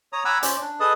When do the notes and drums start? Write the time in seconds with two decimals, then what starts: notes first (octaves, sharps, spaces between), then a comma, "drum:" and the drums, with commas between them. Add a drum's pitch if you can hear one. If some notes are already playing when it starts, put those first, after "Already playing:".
0.13 C#5 A#5 D#6
0.25 F#5 G#5 A#5 B5 D6 E6
0.43 C#4 C5 D5, drum: hi-hat
0.61 D4
0.80 G#4 A4 B4 D#5 A5 D#6